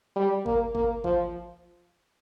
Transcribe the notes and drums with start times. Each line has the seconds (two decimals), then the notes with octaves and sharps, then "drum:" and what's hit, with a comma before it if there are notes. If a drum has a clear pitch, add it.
0.16 G3
0.46 A#3, drum: kick G#1
0.75 A#3, drum: kick G#1
1.04 F3, drum: kick G#1